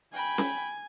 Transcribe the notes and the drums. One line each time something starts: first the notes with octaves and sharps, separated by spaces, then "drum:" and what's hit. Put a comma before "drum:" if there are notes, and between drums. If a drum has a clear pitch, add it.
G5 G#5 B5
drum: snare C#4